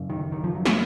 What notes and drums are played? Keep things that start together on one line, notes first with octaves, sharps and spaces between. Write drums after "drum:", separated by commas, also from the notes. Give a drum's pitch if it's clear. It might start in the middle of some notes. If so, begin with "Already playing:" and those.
Already playing: F#2 C#3
D#3
D#3
F3
F#3
F3, drum: snare